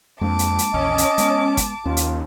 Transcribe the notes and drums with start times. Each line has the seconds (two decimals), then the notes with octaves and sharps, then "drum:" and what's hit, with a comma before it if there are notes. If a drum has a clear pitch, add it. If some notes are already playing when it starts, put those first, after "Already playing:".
0.21 F2 G#3 A#3 D4 A5 D6
0.39 drum: hi-hat
0.59 drum: hi-hat
0.74 A#1 E2 C#4 D#5
0.98 drum: hi-hat
1.18 G#3 B3, drum: hi-hat
1.57 drum: kick, hi-hat
1.86 D#2 C#4 F4
1.97 drum: hi-hat